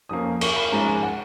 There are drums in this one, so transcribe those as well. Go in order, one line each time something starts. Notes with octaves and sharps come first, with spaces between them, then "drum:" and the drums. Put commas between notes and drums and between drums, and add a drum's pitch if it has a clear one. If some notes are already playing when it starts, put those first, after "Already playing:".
F2 F3 A#3 C#4 D#6
C#6, drum: cymbal
B5
G#2 F3 G#3 C#4 A#5
G#5
F#5